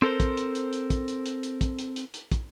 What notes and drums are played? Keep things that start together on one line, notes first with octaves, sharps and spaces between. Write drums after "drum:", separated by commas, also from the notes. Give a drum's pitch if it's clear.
C4 A4 A#4 C5
drum: kick, hi-hat
drum: hi-hat
drum: hi-hat
drum: hi-hat
drum: kick, hi-hat
drum: hi-hat
drum: hi-hat
drum: hi-hat
drum: kick, hi-hat
drum: hi-hat
drum: hi-hat
drum: hi-hat
drum: kick, hi-hat